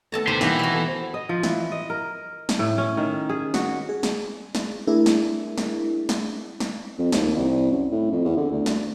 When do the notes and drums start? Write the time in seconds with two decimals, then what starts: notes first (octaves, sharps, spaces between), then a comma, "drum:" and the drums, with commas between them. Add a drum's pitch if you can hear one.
0.12 A3 B3 A4 A5 A#5
0.27 D#2 G4 B4 C5
0.41 B2 D#3 E3 A#3 F#4 G4, drum: snare
0.59 F#4 E5
0.72 B3 A4
0.88 C5
1.14 D#5
1.29 F3
1.43 E3, drum: snare
1.72 D#5
1.90 A#4
2.49 drum: snare
2.59 A2
2.78 C#4
2.97 D#3
3.29 G#4
3.54 F#4, drum: snare
3.89 G#4
4.03 drum: snare
4.55 drum: snare
4.87 A3 D4 E4 G#4 A#4
5.06 drum: snare
5.58 drum: snare
6.09 drum: snare
6.60 drum: snare
6.98 F2
7.12 D#2, drum: snare
7.36 C2
7.71 F#2
7.91 A2
8.11 F2
8.25 E2
8.37 D3
8.52 D2
8.66 drum: snare